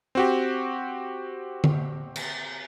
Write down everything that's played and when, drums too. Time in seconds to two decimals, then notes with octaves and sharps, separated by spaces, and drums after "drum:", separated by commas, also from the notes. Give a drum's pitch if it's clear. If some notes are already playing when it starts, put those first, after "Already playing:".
0.15 C4 F#4 G4
1.64 drum: tom D3
2.16 drum: cymbal